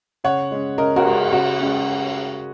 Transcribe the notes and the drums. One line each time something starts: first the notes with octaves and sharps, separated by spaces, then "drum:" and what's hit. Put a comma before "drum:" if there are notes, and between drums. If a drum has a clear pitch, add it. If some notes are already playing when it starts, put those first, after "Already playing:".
C#3 C#5 F#5
G#3 C#4
C#3 A#4 D#5
F#4 A#4, drum: cymbal
G#3 C#4
C#3 F#4
G#3 C#4